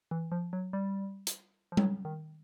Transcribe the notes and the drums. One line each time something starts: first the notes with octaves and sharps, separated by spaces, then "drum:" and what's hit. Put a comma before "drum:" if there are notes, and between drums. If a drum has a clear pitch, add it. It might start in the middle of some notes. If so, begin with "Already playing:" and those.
E3
F3
F#3
G3
drum: hi-hat
F3
F#3, drum: tom G3
D#3